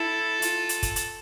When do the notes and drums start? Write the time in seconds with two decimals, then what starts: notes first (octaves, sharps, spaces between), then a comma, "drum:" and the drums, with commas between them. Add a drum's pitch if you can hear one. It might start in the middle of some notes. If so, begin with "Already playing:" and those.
Already playing: E4 A4
0.42 F4, drum: hi-hat
0.69 drum: hi-hat
0.83 drum: kick F#1, hi-hat
0.96 drum: hi-hat